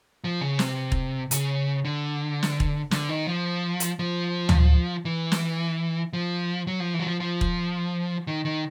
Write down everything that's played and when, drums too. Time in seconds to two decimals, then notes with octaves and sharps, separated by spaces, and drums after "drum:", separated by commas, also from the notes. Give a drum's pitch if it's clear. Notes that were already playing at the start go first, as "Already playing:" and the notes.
0.24 F3
0.41 C#3
0.59 C3, drum: snare
0.92 drum: kick E1
1.31 C#3, drum: hi-hat
1.85 D3
2.43 drum: snare
2.60 drum: kick E1
2.91 D3, drum: snare
3.09 D#3
3.27 F3
3.80 drum: hi-hat
3.99 F3
4.49 drum: tom
5.05 E3
5.32 drum: snare
6.13 F3
6.67 F#3
6.80 F3
6.94 E3
6.99 F#3
7.07 F3
7.20 F3
7.41 drum: kick E1
8.27 D#3
8.45 D#3